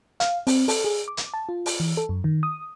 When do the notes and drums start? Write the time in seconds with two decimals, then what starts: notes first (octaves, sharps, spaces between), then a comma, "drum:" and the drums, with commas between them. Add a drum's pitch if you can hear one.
0.20 F5, drum: hi-hat
0.47 C4, drum: open hi-hat
0.68 A4, drum: open hi-hat
0.84 G#4
1.08 D6
1.17 drum: hi-hat
1.34 A5
1.49 F4
1.66 drum: open hi-hat
1.80 E3
1.97 A4
2.09 F#2
2.24 D#3
2.43 D#6